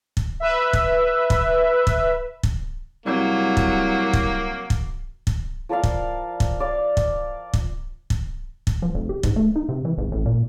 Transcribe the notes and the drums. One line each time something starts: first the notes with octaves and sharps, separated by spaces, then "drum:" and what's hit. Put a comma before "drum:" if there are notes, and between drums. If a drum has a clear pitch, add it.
drum: kick
B4 E5
drum: kick
drum: kick
drum: kick
drum: kick
C2 F#3 A#3
drum: kick
drum: kick
drum: kick
drum: kick
F3 A#4 D5 F5
drum: kick
drum: kick
D5 F5
drum: kick
drum: kick
drum: kick
drum: kick
F3
F1
G4
G#2, drum: kick
A3
D#4
C3
E3
G#1
A1
A#2